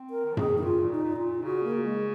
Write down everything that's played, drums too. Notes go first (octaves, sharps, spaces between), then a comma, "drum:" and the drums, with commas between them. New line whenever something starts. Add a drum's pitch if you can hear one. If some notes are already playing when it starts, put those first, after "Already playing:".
Already playing: C4
A#4
D#3
F3
D#3 G#4, drum: tom F#2
D#4
C#3 F4
A#2
D#4
A#2
F4
A#2
C#3 F#4
A#3
G#3